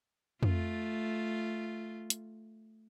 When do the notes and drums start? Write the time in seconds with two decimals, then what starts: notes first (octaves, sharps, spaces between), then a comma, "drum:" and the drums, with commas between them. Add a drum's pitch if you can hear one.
0.43 A3 F4, drum: tom F2
2.10 drum: hi-hat